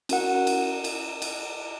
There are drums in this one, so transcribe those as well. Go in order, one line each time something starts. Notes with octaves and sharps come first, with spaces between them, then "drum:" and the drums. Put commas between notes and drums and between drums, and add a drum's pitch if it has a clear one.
C#4 F#4 A#4 F#5, drum: cymbal
drum: cymbal
drum: cymbal
drum: cymbal